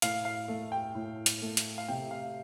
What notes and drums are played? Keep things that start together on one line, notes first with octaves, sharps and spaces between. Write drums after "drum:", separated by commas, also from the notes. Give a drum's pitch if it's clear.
A2 F5, drum: hi-hat
F5
A3
G5
A2
drum: hi-hat
A3
drum: hi-hat
F5
C3 G5
F5